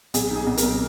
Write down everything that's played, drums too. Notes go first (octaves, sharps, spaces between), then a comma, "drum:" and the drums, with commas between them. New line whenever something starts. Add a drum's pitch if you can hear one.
B1 G#4, drum: hi-hat
D#4 G#4
B1
A#4, drum: hi-hat
B1